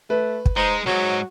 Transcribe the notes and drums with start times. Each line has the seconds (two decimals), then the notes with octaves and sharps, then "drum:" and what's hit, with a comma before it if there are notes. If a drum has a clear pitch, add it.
0.10 A3 B4
0.46 drum: kick
0.57 G#3 D#4 C5
0.86 C2 G#2 F#3 F#4